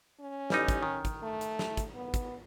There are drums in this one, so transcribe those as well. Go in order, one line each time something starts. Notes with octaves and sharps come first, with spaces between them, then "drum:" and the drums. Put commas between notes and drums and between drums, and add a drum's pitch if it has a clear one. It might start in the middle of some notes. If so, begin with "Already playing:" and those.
C#4
A1 G3 D#4, drum: snare
drum: kick, hi-hat
D#3
drum: kick, hi-hat
A3
drum: hi-hat
drum: snare
drum: kick, hi-hat
B3
drum: kick, hi-hat